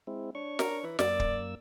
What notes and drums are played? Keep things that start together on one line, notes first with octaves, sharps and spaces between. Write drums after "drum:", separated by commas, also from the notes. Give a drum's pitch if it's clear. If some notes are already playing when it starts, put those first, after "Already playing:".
G#3 C4 E4
D4 C#5 C#6
A#4, drum: snare
E3
F#2 A#3 D5 E6, drum: snare
drum: kick